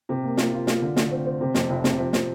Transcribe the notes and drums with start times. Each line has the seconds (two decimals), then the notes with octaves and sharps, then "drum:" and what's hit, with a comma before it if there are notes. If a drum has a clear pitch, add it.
0.09 C3
0.23 A#3
0.37 F4, drum: snare
0.52 F4
0.67 F4, drum: snare
0.82 D3
0.96 A3, drum: snare
1.12 C4
1.25 C4
1.41 C3
1.55 F2, drum: snare
1.70 F1
1.84 C3, drum: snare
1.98 F3
2.13 F3, drum: snare